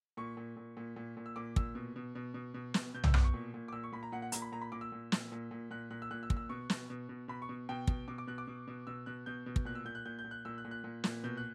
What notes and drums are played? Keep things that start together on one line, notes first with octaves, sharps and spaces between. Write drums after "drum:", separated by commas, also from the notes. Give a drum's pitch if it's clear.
A#2 C#6
A#2
A#2
A#2
A#2
A#2
E6
A#2 D6
A#2 E6, drum: kick
B2
B2
B2
B2
B2
B2, drum: snare
B2 G6
E6, drum: tom B1
B2 D6, drum: rim click
C#6
A#2
A#2
D6
A#2 E6
C#6
A#2 B5
A#5
A#2 F#5
F#5
A#2 A#5, drum: hi-hat
B5
A#2 A#5
B5
A#2 D6
E6
A#2
A#2, drum: snare
A#2
A#2
A#2 F#6
A#2 F#6
E6
A#2 F#6
E6
A#2, drum: kick
E6
B2 C#6
B2, drum: snare
B2
B2
B2 B5
C#6
B2
B2 G5
B2, drum: kick
B2 D6
D6
B2 F#6
D6
B2
B2
B2 E6
B2 F#6
B2 G6
B2
drum: kick
A#2 F#6
E6
A#2 G6
F#6
A#2 G6
G6
A#2
F#6
A#2 E6
F#6
A#2
F#6
A#2
A#2, drum: snare
B2 G6
F#6